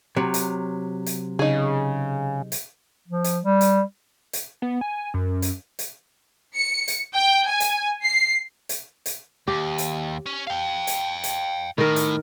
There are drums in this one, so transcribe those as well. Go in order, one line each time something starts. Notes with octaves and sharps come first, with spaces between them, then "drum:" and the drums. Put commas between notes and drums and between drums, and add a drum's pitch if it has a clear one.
C3 F#3
drum: hi-hat
drum: hi-hat
C#3 D#4 G#4
drum: hi-hat
F3
drum: hi-hat
G3
drum: hi-hat
drum: hi-hat
B3
G#5
F#2
drum: hi-hat
drum: hi-hat
C#7
drum: hi-hat
G5
G#5
drum: hi-hat
C7
drum: hi-hat
drum: hi-hat
D#2 G4
drum: hi-hat
C#4
F5 G5
drum: hi-hat
drum: hi-hat
A2 D#3 A#4
drum: hi-hat